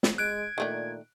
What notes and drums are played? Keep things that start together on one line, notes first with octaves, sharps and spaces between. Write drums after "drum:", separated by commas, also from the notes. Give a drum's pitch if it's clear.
drum: snare
G#3 F#6 G#6 D7
A#2 D#3 A3 D4